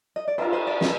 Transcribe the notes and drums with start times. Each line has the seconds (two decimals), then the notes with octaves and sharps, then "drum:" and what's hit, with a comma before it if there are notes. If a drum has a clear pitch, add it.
0.16 D#5
0.28 D5
0.38 D4 F4 A#4 C5, drum: cymbal
0.53 C5
0.67 D5
0.81 D#5, drum: snare